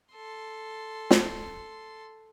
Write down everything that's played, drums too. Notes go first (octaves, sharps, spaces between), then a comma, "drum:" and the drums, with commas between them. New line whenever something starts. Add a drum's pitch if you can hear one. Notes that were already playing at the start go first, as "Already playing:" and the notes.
A4 C6
drum: snare